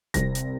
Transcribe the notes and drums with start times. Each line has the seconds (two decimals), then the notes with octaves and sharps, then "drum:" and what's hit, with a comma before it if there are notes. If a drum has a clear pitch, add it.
0.14 C2 C3 G3 C4 A#6, drum: kick D#1, hi-hat
0.35 drum: hi-hat